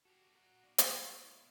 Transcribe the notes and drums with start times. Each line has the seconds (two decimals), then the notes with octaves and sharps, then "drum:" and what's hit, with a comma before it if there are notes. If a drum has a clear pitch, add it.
0.05 F#4 G4 A4
0.35 A#4 F#5
0.63 A#3 D4
0.78 F#5, drum: hi-hat
1.11 E4 F4
1.27 G#3 B3